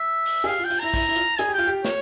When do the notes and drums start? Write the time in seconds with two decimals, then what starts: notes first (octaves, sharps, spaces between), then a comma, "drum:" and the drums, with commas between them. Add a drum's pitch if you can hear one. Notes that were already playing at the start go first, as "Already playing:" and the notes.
Already playing: E5
0.26 drum: open hi-hat
0.44 G#4
0.48 G4 F5
0.59 F4
0.64 G5
0.70 F4, drum: open hi-hat
0.79 E4 A#5
0.94 E4, drum: kick A#1, open hi-hat
1.08 E4
1.16 F4, drum: hi-hat
1.38 G#4 G#5, drum: hi-hat
1.48 G4
1.54 F4 G5
1.67 G4
1.85 C#5, drum: snare